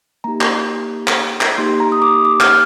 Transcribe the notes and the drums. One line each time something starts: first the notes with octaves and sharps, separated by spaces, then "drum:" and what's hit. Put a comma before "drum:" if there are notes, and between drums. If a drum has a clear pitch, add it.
A#3 D#4 G4 A#5
drum: clap
drum: clap
drum: clap
A#3 D#4 G4 C6
A#5
D#6
D6
D6
F6, drum: clap